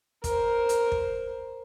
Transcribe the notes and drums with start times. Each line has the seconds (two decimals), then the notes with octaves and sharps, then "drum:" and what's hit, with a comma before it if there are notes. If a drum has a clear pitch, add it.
0.24 A#4 C5, drum: kick, hi-hat
0.69 drum: hi-hat
0.92 drum: kick